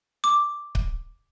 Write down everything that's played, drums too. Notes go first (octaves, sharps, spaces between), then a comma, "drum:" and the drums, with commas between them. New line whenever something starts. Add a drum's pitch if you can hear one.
D6
drum: kick C#1